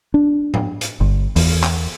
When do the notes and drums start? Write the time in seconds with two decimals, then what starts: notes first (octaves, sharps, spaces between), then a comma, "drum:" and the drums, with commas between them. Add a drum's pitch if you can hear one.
0.14 D4
0.54 drum: tom A2
0.81 drum: hi-hat
1.00 G1
1.36 E2, drum: open hi-hat
1.63 drum: clap